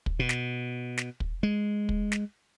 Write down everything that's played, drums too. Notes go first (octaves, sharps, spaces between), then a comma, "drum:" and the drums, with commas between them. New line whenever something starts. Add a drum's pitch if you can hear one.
drum: kick
B2
drum: snare
drum: snare
drum: kick
G#3
drum: kick
drum: snare